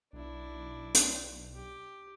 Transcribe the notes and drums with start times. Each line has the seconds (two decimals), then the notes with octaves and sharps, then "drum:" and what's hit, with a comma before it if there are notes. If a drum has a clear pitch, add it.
0.13 B1 D4 E4
0.94 drum: hi-hat
1.55 G4